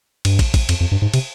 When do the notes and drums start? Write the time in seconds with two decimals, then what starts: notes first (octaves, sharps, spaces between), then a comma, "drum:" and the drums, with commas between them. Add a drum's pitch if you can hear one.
0.25 G2, drum: cymbal
0.39 drum: kick, cymbal
0.54 drum: kick, cymbal
0.69 F2, drum: cymbal
0.80 F2
0.92 G2
1.02 G#2
1.14 C3, drum: cymbal